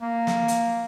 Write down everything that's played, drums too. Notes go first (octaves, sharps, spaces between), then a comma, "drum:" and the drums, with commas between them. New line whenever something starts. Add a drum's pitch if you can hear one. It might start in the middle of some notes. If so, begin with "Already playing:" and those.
A#3
drum: snare
drum: hi-hat